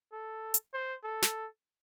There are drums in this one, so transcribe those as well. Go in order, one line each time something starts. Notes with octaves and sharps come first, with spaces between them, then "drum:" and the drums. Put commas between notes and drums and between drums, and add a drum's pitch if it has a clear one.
A4
drum: hi-hat
C5
A4
drum: snare